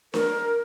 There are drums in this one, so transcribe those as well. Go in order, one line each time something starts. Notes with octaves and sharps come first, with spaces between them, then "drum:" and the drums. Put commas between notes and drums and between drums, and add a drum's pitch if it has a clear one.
A#4, drum: snare D4